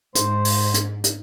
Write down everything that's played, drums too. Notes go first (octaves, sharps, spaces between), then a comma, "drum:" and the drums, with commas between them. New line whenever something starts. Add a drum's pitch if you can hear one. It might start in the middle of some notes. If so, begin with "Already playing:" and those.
G#2 C5, drum: hi-hat
drum: open hi-hat
drum: hi-hat
drum: hi-hat